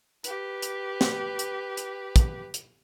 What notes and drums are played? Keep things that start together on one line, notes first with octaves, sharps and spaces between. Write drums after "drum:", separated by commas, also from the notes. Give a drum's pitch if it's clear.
G4 B4, drum: hi-hat
drum: hi-hat
drum: snare
drum: hi-hat
drum: hi-hat
drum: kick, hi-hat
drum: hi-hat